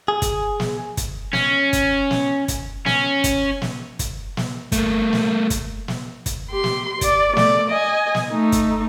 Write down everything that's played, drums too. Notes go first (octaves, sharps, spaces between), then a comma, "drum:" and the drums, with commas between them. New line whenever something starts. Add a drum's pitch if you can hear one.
G#4
drum: kick, hi-hat
drum: snare
drum: kick, hi-hat
C#4, drum: snare
drum: kick, hi-hat
drum: snare
drum: kick, hi-hat
C#4, drum: snare
drum: kick, hi-hat
drum: snare
drum: kick, hi-hat
drum: snare
A3 A#3, drum: kick, hi-hat
drum: snare
drum: kick, hi-hat
drum: snare
drum: kick, hi-hat
G4 C6
drum: snare
D5, drum: kick, hi-hat
A3 D5, drum: snare
D#5 G#5
drum: snare
A3 D#4
drum: kick, hi-hat